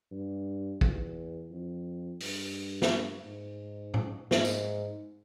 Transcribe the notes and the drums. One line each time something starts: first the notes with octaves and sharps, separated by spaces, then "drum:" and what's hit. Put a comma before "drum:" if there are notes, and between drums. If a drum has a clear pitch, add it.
G2
E2, drum: kick
F2
G2, drum: open hi-hat
drum: snare
G#2
drum: tom
G#2, drum: snare
drum: tambourine